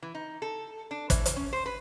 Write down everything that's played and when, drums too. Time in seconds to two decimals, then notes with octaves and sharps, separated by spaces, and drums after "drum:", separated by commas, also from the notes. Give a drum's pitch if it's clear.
0.03 E3
0.15 D#4
0.42 A4
0.91 D4
1.10 E3, drum: kick, hi-hat
1.26 drum: hi-hat
1.36 C#4
1.53 C5
1.66 B4